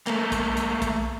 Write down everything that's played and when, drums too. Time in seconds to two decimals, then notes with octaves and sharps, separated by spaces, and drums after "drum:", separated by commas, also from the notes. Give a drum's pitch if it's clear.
0.07 A3 A#3, drum: clap
0.32 drum: kick, hi-hat
0.57 drum: hi-hat
0.82 drum: kick, hi-hat